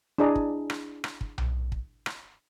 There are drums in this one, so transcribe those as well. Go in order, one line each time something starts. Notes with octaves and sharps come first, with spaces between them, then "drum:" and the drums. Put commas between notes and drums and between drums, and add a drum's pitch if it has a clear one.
D4 E4 G#4 D5 D#5 A#5
drum: kick
drum: rim click
drum: rim click
drum: kick
drum: tom B1
drum: kick
drum: rim click